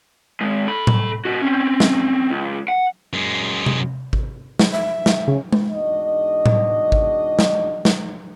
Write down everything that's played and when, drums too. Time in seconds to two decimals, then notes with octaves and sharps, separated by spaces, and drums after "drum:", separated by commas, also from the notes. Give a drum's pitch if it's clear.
0.41 D#3 G#3
0.67 A4 B5
0.87 drum: tom A2
1.25 A#2 F#4
1.42 C4 C#4
1.80 drum: snare
2.30 C#2
2.68 F#5
3.13 F#2 G#3
3.66 drum: tom C3
4.13 drum: kick G#1
4.59 drum: snare
4.72 E5
5.06 drum: snare
5.27 C#3
5.53 drum: tom G#3
5.71 E2 G#2 D4 F#4 D#5
6.46 drum: tom A2
6.92 drum: kick G#1
7.39 drum: snare
7.85 drum: snare